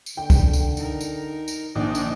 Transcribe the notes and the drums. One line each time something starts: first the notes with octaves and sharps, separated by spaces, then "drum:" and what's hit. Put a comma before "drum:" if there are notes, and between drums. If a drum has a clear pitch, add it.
drum: tambourine
D3 G5
drum: kick C2, tambourine
drum: tambourine
D#4 A#4, drum: tambourine
drum: tambourine
drum: tambourine
A#1 D#3 D4 D#4 D#5
drum: tambourine